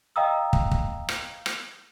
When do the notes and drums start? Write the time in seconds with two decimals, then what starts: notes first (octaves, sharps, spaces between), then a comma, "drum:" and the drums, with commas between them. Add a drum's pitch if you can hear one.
0.16 D#5 F5 G5 A#5 D#6 E6
0.53 drum: kick
0.71 drum: kick
1.09 drum: rim click
1.46 drum: rim click